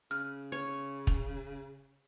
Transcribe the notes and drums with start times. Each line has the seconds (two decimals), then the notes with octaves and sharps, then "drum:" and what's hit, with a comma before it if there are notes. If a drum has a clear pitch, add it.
0.11 C#3 F6
0.52 C#5
1.07 drum: kick